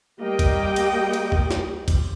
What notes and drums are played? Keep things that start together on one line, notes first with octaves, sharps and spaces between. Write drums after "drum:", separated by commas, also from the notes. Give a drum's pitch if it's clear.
G3 A#3 G4 D#5 G5
drum: kick A1, cymbal
drum: cymbal
drum: cymbal
drum: kick A1
drum: snare
drum: kick A1, cymbal